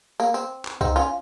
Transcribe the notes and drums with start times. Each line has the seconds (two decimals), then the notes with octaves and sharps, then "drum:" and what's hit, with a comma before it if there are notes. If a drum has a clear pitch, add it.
0.20 A#3, drum: tambourine
0.34 C4, drum: tambourine
0.65 drum: clap
0.81 C4 D#4, drum: kick C2, tambourine
0.96 C#4 F4, drum: tambourine